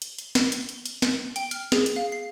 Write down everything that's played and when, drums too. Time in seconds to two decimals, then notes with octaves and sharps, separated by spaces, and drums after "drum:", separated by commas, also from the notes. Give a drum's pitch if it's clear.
0.02 drum: hi-hat
0.18 drum: hi-hat
0.35 drum: snare
0.52 drum: hi-hat
0.69 drum: hi-hat
0.86 drum: hi-hat
1.02 drum: snare
1.36 G5, drum: hi-hat
1.51 F6, drum: hi-hat
1.72 G#4, drum: snare
1.86 drum: hi-hat
1.96 F5
2.12 C7